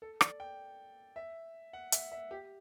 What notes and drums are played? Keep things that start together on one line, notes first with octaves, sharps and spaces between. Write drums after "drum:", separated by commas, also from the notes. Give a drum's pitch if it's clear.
A4
D5, drum: rim click
G5
E5
F#5
E5, drum: hi-hat
E5
G4